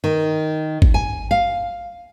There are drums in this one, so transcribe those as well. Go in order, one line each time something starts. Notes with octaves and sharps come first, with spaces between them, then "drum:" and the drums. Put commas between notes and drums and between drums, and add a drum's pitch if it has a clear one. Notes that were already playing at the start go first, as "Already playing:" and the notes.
D#3
drum: kick G#1
G#5
F5